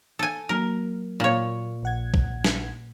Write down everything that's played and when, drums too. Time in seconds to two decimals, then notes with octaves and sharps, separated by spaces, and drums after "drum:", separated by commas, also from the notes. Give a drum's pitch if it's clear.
0.19 A4 G#5
0.49 F#3 A#3 A#4
1.20 A#2 C#5
1.83 A#1 F#5 G#6
2.14 drum: kick
2.44 drum: snare